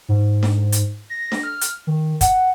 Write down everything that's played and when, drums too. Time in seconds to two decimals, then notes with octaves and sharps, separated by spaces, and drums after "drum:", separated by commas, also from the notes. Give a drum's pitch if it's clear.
0.09 G#2
0.43 drum: snare D4
0.72 drum: hi-hat
1.10 A#6
1.32 drum: snare D4
1.43 F6
1.61 drum: hi-hat
1.87 D#3
2.21 F#5, drum: kick, hi-hat